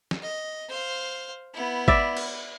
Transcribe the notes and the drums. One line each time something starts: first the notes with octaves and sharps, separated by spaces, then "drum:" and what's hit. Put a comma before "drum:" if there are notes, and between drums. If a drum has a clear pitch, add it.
drum: snare
D#5
C5 F5
B3 E4
D5 E5, drum: kick G#1
drum: cymbal